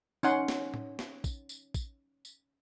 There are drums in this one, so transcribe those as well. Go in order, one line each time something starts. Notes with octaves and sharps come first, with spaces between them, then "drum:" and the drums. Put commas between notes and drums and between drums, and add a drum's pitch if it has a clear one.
C#4 D#4 F#5 C6, drum: tambourine
drum: snare
drum: tom A2
drum: snare
drum: kick, tambourine
drum: tambourine
drum: kick, tambourine
drum: tambourine